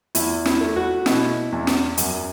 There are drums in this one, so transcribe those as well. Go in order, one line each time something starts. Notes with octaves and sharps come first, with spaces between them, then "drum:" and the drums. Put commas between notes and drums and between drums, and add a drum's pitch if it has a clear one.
E2 E4, drum: hi-hat
E4, drum: snare
A3
F#4
B2 E4, drum: snare
E2
drum: snare
F#2, drum: hi-hat